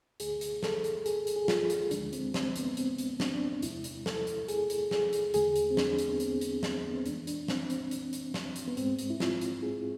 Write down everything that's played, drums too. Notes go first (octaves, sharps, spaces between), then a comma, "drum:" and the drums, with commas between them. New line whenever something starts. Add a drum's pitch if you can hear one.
D2 D3 A3 G#4, drum: hi-hat
drum: hi-hat
A4, drum: snare
drum: hi-hat
G#4, drum: hi-hat
drum: hi-hat
G#4
F4, drum: snare
drum: hi-hat
D2 D3 F3 G#3 D4, drum: hi-hat
C4, drum: hi-hat
C4, drum: snare
B3, drum: hi-hat
C4, drum: hi-hat
drum: hi-hat
D4, drum: snare
C4
D4
E2 C3 G#3 E4, drum: hi-hat
drum: hi-hat
A4, drum: snare
drum: hi-hat
G#4, drum: hi-hat
drum: hi-hat
G#4, drum: snare
drum: hi-hat
E2 D3 A3 G#4, drum: hi-hat
drum: hi-hat
C4
D4, drum: snare
drum: hi-hat
B3
C4, drum: hi-hat
drum: hi-hat
drum: snare
B3
C4
F2 E3 G#3 D4, drum: hi-hat
D4, drum: hi-hat
C4, drum: snare
C4, drum: hi-hat
drum: hi-hat
drum: hi-hat
drum: snare
drum: hi-hat
B3
G#2 G#3 C4, drum: hi-hat
drum: hi-hat
E4
F4, drum: snare
drum: hi-hat
G#4